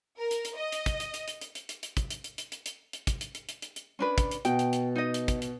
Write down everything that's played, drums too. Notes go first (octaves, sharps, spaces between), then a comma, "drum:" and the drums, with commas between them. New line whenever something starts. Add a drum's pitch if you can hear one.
A#4
drum: hi-hat
drum: hi-hat
D#5
drum: hi-hat
drum: kick, hi-hat
drum: hi-hat
drum: hi-hat
drum: hi-hat
drum: hi-hat
drum: hi-hat
drum: hi-hat
drum: hi-hat
drum: kick, hi-hat
drum: hi-hat
drum: hi-hat
drum: hi-hat
drum: hi-hat
drum: hi-hat
drum: hi-hat
drum: kick, hi-hat
drum: hi-hat
drum: hi-hat
drum: hi-hat
drum: hi-hat
drum: hi-hat
C#4 D4 B4
drum: kick, hi-hat
drum: hi-hat
B2 G5, drum: hi-hat
drum: hi-hat
drum: hi-hat
D#4 D#5
drum: hi-hat
drum: kick, hi-hat
drum: hi-hat